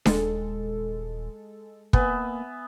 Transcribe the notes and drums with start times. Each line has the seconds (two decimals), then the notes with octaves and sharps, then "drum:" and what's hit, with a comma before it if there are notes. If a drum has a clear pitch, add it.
0.06 D#1 G#3 A4, drum: snare D4
1.93 A#3 B3 E5 G#5, drum: kick